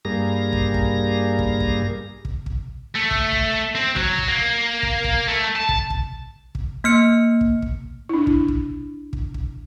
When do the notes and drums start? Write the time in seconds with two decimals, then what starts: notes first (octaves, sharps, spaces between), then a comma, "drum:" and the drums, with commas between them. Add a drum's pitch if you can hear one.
0.05 G2 G3 A#3 G#4 A#5 A#6
0.53 drum: kick
0.74 drum: kick
1.39 drum: kick
1.60 drum: kick
2.25 drum: kick
2.46 drum: kick
2.95 A3
3.11 drum: kick
3.32 drum: kick
3.75 C4
3.96 F#3, drum: kick
4.18 drum: kick
4.28 A#3
4.83 drum: kick
5.04 drum: kick
5.28 A3
5.56 A5
5.69 drum: kick
5.90 drum: kick
6.55 drum: kick
6.84 A#3 F6 C#7
7.41 drum: kick
7.62 drum: kick
8.09 D4 E4
8.27 drum: kick
8.48 drum: kick
9.13 drum: kick
9.34 drum: kick